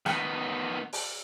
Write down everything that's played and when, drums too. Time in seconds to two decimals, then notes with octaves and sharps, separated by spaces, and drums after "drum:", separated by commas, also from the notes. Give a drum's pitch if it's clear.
0.06 D#3 B3, drum: rim click
0.93 drum: open hi-hat